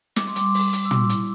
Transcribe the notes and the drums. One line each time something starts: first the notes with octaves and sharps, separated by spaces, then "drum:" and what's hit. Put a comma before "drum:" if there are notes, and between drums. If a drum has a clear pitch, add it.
G3 D6, drum: snare
C6
G3 D6, drum: hi-hat
G3, drum: open hi-hat
G3, drum: hi-hat
E6
G3 D6, drum: tom
E4, drum: hi-hat